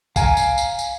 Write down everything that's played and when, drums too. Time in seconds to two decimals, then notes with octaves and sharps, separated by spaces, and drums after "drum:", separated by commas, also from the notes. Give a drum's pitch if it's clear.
0.16 F5 G#5 A#5, drum: kick C2, tambourine
0.37 drum: tambourine
0.58 drum: tambourine
0.79 drum: tambourine